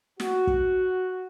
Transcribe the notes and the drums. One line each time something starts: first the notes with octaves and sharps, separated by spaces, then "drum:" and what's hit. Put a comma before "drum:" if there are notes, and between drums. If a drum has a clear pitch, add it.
F#4, drum: snare
drum: kick